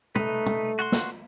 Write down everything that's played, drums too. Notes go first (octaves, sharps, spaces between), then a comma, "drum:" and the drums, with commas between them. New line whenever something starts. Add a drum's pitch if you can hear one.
A3 D#4 B4, drum: tom
drum: tom
F#4 F#5 C6
drum: snare